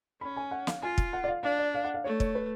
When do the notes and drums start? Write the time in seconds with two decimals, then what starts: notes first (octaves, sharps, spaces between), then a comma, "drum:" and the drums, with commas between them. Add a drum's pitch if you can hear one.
0.21 C#4 B5
0.37 G#5
0.51 F#5
0.67 F5, drum: snare
0.82 F4 G#5
0.98 drum: kick
1.13 F#5
1.24 D5
1.28 F5
1.43 D4 F5
1.59 D5
1.74 F5
1.84 F#5
1.94 F5
2.04 A3 C#5
2.20 C#5, drum: kick
2.35 B4